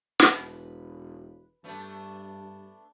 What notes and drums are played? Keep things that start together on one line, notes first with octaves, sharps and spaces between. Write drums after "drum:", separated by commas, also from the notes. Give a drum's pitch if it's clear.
drum: snare
E1 B4
G2 A3 B3 D4